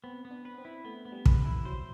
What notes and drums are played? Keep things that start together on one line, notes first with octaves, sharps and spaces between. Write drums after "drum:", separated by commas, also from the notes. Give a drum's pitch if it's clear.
B3 C4
B3
D4
B4
C4
E4
A3 B3
B3
G3
B4, drum: kick
E4
F#3 C5